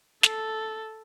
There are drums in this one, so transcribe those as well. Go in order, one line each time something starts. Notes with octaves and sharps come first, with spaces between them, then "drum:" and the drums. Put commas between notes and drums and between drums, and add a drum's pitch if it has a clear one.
A4, drum: snare